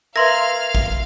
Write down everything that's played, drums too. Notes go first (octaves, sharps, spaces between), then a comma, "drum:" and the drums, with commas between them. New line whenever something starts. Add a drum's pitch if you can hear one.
A#4 B4 E5 F5 C6 F6 G#6 A#6
drum: kick